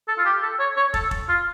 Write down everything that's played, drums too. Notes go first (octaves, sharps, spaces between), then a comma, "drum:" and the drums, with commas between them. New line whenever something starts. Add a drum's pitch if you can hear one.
A4
F4
G4
A4
C#5
C#5
A4, drum: kick
drum: kick
F4